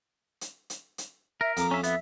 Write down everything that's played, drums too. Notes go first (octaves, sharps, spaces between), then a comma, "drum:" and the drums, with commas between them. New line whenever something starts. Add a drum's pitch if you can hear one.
drum: hi-hat
drum: hi-hat
drum: hi-hat
A#4 E5
F2 A#5 D6, drum: hi-hat
C#4 E5
B3 E5, drum: hi-hat